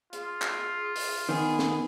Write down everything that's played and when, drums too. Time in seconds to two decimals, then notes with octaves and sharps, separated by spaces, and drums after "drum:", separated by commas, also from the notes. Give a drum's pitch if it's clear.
0.13 F4 G#4, drum: hi-hat
0.42 drum: clap
0.96 drum: open hi-hat
1.29 D#3 B3 G#4
1.59 drum: snare